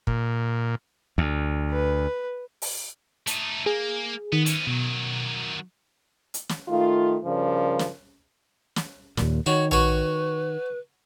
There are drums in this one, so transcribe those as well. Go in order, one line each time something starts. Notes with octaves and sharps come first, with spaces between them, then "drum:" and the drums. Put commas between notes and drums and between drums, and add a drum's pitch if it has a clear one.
A#2, drum: kick
D2
B4
drum: open hi-hat
A3 D#4, drum: hi-hat
A#3 G#4
D#3 B3
E3 C#4, drum: hi-hat
B2 D#3 F#3
drum: hi-hat
drum: snare
D#3 A3 F4
G2 C#3 F3 A#4 D5
drum: snare
drum: snare
D#2 A#2, drum: snare
D#3 F#4 C#5
F#4 B4 C#5, drum: tom A#1